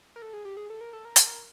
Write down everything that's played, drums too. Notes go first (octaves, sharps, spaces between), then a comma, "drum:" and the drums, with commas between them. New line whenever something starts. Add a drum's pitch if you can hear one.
A#4
A4
G#4
G4
G#4
A4
A#4
A4
A#4
A4, drum: hi-hat
A#4